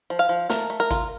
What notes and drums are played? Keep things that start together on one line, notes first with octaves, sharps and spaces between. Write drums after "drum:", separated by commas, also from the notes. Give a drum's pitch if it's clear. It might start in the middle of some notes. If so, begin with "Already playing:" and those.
F3
F5
F3
A3 A#4, drum: snare
A3
A#4
F4, drum: kick G#1, hi-hat